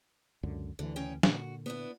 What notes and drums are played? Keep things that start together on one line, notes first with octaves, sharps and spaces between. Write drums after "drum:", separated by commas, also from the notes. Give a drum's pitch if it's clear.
C#2 F#2 D3
D2 D3 E3
C#3 C#4 G5
A#2 D3 F#4, drum: snare
B3 D4 E4